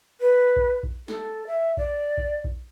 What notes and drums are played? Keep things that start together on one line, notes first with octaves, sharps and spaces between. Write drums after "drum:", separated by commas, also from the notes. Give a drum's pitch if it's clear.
B4
drum: kick A#1
drum: kick A#1
A4, drum: snare
E5
D5, drum: kick A#1
drum: kick A#1
drum: kick A#1